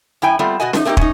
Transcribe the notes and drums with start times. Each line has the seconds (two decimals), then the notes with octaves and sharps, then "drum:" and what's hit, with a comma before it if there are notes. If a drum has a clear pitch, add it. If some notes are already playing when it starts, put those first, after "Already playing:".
0.22 F#2 E4 G5 G#5
0.39 G3 A3 B3 C4 F4
0.60 B2 F#4 D#5 G#5
0.73 E2 F#3 D#4, drum: snare
0.85 A3 A#3 C4 D#4 G4
0.97 C#4 D#4, drum: kick